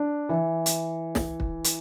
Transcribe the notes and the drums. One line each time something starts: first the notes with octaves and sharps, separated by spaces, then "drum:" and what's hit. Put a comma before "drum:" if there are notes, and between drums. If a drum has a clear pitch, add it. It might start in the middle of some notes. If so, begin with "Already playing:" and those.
Already playing: D4
E3
drum: hi-hat
drum: snare
drum: kick
drum: hi-hat